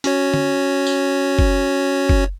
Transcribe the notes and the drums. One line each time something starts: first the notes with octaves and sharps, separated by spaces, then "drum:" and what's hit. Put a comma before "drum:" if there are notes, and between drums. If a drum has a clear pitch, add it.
C#4 F#4 C#5, drum: hi-hat
drum: tom
drum: tambourine
drum: kick F#1
drum: kick F#1